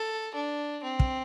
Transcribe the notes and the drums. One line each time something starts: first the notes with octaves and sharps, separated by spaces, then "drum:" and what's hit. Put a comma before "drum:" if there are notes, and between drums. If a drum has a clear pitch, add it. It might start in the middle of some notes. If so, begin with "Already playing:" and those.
Already playing: A4
D4
C4
drum: kick